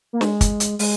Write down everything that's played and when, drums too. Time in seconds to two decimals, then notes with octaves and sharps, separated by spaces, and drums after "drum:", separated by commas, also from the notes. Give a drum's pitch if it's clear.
0.13 A#3
0.21 G#3, drum: snare
0.41 drum: kick, hi-hat
0.60 drum: hi-hat
0.79 G#3, drum: open hi-hat